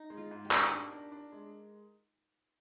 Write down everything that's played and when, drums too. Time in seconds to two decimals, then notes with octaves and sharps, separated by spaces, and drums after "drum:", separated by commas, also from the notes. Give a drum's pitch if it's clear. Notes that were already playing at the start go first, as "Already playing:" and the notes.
Already playing: D#4
0.10 G#3
0.17 F4
0.31 G#2
0.45 G4
0.51 D4, drum: clap
0.71 D4 A#4
0.91 D4
1.12 D4
1.32 G#3